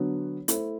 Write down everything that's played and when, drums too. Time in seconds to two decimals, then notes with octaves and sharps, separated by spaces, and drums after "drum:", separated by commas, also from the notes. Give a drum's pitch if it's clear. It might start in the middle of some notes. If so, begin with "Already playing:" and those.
Already playing: D3 F#3 B3 F#4
0.48 A3 E4 A4 C5, drum: hi-hat